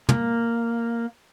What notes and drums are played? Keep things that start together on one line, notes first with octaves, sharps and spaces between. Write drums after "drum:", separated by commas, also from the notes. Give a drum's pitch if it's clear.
A#3, drum: tom